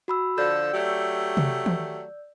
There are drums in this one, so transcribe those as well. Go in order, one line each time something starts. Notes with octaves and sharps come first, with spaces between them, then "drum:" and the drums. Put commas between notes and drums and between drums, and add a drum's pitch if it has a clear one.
F#4 B5 E6
D3 F3 A4 D5 E6 G6
F#3 A3 G4
drum: tom C3
drum: tom D#3